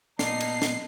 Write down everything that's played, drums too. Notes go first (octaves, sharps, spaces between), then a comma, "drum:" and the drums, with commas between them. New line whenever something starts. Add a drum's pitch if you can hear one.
A#2 B3 D#4 D5 A5 C7, drum: snare
drum: cymbal
drum: snare